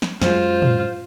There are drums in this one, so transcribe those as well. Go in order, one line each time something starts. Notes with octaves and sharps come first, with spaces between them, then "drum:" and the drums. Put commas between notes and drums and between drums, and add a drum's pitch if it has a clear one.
drum: snare
F#2 G#3 F4 C5, drum: snare
drum: tom